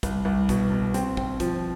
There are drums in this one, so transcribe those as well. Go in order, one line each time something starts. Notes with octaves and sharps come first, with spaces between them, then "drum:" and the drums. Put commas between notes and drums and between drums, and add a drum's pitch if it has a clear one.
C2, drum: kick, hi-hat
C2
B2, drum: kick, hi-hat
B2
C4, drum: hi-hat
C4, drum: kick
F3, drum: kick, hi-hat